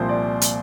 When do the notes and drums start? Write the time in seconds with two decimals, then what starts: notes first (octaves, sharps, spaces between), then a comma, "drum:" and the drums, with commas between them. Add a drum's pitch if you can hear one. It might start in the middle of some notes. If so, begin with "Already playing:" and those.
Already playing: C2 A#2 F3 C5
0.09 D5
0.41 drum: hi-hat